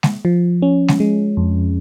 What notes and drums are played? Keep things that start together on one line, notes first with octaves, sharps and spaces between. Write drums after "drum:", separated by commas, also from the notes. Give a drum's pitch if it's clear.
drum: snare G#3
F3
C#4
drum: snare G#3
G#3
F2